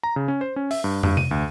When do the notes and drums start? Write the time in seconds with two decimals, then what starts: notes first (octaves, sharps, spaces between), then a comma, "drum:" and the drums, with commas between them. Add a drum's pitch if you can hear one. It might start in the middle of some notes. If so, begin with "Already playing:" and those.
0.03 A#5
0.16 C#3
0.28 C#4
0.41 C5
0.56 C#4
0.71 E5, drum: open hi-hat
0.84 G2
1.03 G2, drum: tom
1.17 D#7, drum: tom C3
1.31 D2